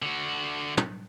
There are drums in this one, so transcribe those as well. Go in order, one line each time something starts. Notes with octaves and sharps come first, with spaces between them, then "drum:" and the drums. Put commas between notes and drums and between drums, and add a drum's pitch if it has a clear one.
D3 F#4
drum: tom